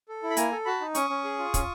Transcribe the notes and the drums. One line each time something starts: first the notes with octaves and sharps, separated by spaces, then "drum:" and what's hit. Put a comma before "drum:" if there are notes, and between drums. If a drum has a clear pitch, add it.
A4
E4
B5
A#3 G#5 A#5, drum: hi-hat
A4
F#4 A5 B5
D#4
C#4 C#6 D#6, drum: hi-hat
C#4
G#4
F4
C#4, drum: kick, hi-hat